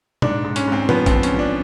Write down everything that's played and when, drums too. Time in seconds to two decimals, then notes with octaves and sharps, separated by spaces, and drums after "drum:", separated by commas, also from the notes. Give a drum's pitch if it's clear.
0.22 G#2 D4, drum: tom A#2
0.45 G#2
0.56 C#4, drum: hi-hat
0.68 G#2 C4
0.89 F3 B3, drum: tom A#2
1.06 C4, drum: kick, hi-hat
1.12 F3
1.23 C#4, drum: hi-hat
1.34 F3 D4